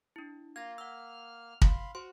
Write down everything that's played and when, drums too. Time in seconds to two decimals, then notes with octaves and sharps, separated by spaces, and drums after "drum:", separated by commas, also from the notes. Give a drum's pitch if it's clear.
0.16 D4 E4
0.56 A#3 F4 G#6 A#6
0.78 F#5 E6 F6
1.61 F5 B5 C6, drum: kick
1.95 F#4 C5 C6